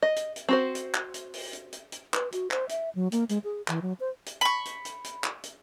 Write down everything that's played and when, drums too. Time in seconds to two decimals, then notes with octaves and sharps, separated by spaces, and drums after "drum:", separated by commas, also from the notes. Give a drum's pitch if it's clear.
0.03 D#5
0.16 drum: hi-hat
0.36 drum: hi-hat
0.49 C4 F#4 C5
0.75 drum: hi-hat
0.94 drum: clap
1.14 drum: hi-hat
1.34 drum: open hi-hat
1.53 drum: hi-hat
1.73 drum: hi-hat
1.92 drum: hi-hat
2.14 B4, drum: clap
2.32 F#4, drum: hi-hat
2.51 C5, drum: clap
2.69 E5, drum: hi-hat
2.95 F#3
3.12 A#3, drum: hi-hat
3.29 G#3, drum: hi-hat
3.44 G#4
3.68 E3, drum: clap
3.82 F#3
4.00 C5
4.26 drum: hi-hat
4.41 B5 C#6
4.65 drum: hi-hat
4.85 drum: hi-hat
5.04 drum: hi-hat
5.24 drum: clap
5.43 drum: hi-hat